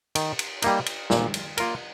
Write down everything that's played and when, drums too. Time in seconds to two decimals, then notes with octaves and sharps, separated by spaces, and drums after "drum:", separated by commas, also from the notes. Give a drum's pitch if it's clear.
0.15 D#3, drum: cymbal
0.39 drum: cymbal
0.62 G3 A#3 D#4, drum: cymbal
0.86 drum: cymbal
1.10 A#2, drum: snare
1.34 drum: cymbal
1.57 A#3 F4 A#4, drum: cymbal